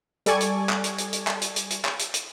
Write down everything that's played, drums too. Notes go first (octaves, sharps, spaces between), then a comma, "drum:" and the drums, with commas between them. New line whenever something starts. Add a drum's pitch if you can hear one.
G3 A4 D5 G#5 C#6 G#6, drum: hi-hat
drum: hi-hat
drum: clap
drum: hi-hat
drum: hi-hat
drum: hi-hat
drum: clap
drum: hi-hat
drum: hi-hat
drum: hi-hat
drum: clap
drum: hi-hat
drum: hi-hat